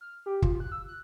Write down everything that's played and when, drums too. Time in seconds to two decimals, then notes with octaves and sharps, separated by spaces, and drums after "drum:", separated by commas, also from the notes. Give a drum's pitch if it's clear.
0.01 F6
0.26 G4
0.42 F4, drum: kick
0.60 F#6
0.72 E6
0.88 F#6